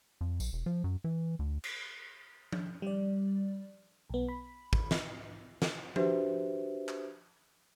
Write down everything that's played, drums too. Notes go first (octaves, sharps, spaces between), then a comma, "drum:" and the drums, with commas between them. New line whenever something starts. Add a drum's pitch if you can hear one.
F2
A#1, drum: tambourine
E1
F3
F#2
E3
D2
drum: cymbal
drum: tom F3
G3 D5
B1 B3
B5
drum: kick
drum: snare
drum: snare
D4 F#4 G4 B4 C5 E5, drum: tom F3
drum: clap